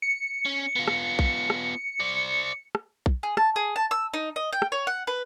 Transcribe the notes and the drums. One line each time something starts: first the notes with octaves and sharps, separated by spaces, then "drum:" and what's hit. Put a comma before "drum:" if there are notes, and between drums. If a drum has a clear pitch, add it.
C#7
C#4
B3 F4
drum: rim click
drum: kick
drum: rim click
C5 D5
drum: rim click
drum: kick
G#4
A5, drum: rim click
G#4
A5
E6
D#4
D#5
G5
drum: rim click
C#5
F#5
B4